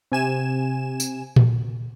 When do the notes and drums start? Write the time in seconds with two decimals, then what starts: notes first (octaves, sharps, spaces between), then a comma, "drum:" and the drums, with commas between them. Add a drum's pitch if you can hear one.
0.12 C3 G#5 E7
1.00 drum: tambourine
1.36 drum: tom A#2